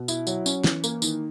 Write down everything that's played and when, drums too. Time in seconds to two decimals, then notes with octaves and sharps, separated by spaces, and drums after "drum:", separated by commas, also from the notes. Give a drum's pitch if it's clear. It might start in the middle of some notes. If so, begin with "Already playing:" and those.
Already playing: B2
0.08 E4, drum: tambourine
0.27 F#3, drum: tambourine
0.46 C#4, drum: tambourine
0.64 E3, drum: snare
0.84 A#3, drum: tambourine
1.02 D#3, drum: tambourine